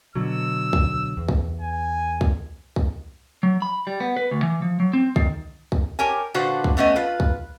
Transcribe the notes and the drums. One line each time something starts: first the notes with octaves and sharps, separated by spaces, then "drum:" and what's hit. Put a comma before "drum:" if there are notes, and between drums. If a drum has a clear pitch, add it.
B2 D3 F#3 E6
drum: kick
E2
drum: kick
G#5
drum: kick
drum: kick
F#3
B5
G3
B3
B4
D2
E3
F3
F#3
C4
D#3, drum: kick
drum: kick
G4 A#4 C#5 G#5
A#2 D3 F#4 B4 C5
drum: kick
A3 B3 C#4 C#5 D#5
F4 B4
drum: kick